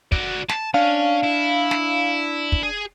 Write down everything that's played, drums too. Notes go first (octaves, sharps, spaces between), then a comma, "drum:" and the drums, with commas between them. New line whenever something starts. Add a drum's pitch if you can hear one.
F#4 D5, drum: kick
A5, drum: snare
C#4 D4 F5
E4
drum: snare
drum: kick
G#4